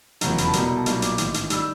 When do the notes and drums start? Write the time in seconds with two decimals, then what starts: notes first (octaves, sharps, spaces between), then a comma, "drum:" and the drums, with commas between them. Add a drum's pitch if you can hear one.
0.21 F1 E2 C#3 F#3 A#5, drum: hi-hat
0.38 B5, drum: hi-hat
0.47 A5
0.53 C2 B2 G3 A#5, drum: hi-hat
0.65 A#5
0.76 A5
0.86 B1 A#2 G3 A#3, drum: hi-hat
1.02 D6, drum: hi-hat
1.18 A1 G#2 D#3, drum: hi-hat
1.34 drum: hi-hat
1.50 D#3 G3 E6, drum: hi-hat